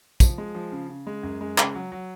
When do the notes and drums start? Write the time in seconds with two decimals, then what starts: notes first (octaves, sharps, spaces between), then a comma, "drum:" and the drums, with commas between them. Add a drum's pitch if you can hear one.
0.20 F3, drum: kick, tambourine
0.38 G#3
0.54 F3
0.72 C#3
0.89 C#3
1.07 G#3
1.23 F#2
1.41 G#3
1.58 C#3, drum: clap
1.75 F#3
1.92 F#3